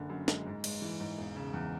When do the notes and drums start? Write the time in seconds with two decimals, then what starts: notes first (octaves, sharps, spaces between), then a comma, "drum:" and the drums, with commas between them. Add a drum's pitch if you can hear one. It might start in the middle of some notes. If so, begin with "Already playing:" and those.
Already playing: F#1 D3
0.09 F#2
0.28 G#3, drum: snare
0.46 G#2
0.64 G#3, drum: cymbal
0.82 E3
1.00 G#2
1.18 E1
1.36 C#3
1.54 E2